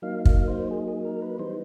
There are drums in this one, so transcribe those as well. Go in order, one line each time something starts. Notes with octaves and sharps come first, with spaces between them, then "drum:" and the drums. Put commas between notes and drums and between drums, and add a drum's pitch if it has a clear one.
F#3 A#3 D#4 F5
F5, drum: kick
C5
G#4
G#4
A#4
B4
E3 G3 B3 D#4 C5